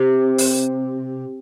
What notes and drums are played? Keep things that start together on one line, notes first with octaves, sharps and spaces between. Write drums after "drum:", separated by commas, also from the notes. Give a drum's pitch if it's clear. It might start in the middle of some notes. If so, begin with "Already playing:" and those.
Already playing: C3
drum: open hi-hat